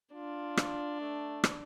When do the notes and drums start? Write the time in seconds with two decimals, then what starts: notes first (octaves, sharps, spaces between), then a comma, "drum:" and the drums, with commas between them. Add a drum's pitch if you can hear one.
0.14 D4 F4
0.57 drum: rim click
1.01 A3
1.44 drum: rim click